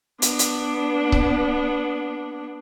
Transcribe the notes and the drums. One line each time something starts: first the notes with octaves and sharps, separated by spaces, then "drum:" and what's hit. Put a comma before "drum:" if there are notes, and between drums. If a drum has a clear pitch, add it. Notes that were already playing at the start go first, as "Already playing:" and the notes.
B3 D4, drum: hi-hat
drum: hi-hat
drum: kick C#1